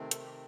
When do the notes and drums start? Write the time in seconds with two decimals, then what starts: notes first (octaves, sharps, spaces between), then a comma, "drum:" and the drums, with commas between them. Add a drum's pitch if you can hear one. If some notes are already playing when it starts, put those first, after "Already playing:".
Already playing: C3 D#3 A3 C4
0.11 A4, drum: hi-hat
0.26 G4